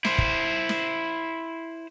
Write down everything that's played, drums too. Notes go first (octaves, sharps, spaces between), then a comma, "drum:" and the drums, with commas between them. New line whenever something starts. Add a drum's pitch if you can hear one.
E4 C5, drum: snare
drum: kick
drum: snare